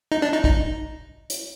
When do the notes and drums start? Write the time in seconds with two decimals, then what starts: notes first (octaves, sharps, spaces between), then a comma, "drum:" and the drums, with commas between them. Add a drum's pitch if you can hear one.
0.12 D#4
0.22 D4
0.33 D#4
0.44 D#4, drum: kick
1.30 drum: hi-hat